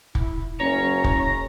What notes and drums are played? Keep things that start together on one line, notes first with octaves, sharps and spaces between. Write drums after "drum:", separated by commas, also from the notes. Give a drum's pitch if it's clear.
E4, drum: kick
F#1 C#4 C#5 A#5
drum: kick